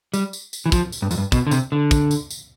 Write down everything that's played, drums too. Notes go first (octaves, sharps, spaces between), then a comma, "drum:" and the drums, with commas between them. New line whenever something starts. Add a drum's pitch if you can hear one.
G3, drum: tambourine
drum: tambourine
drum: tambourine
E3
F3, drum: kick, tambourine
drum: tambourine
G2
F2, drum: tambourine
G2
B2, drum: kick, tambourine
D3
C3, drum: tambourine
D3
drum: kick, tambourine
drum: tambourine
drum: tambourine